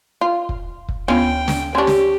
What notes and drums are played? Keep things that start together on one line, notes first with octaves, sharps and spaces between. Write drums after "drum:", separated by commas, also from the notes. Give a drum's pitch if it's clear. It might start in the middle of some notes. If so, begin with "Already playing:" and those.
F4
drum: kick
drum: kick
D2 B3 C#4 F4 G5
drum: snare
C#4 D4 G4 C6 C#6
drum: snare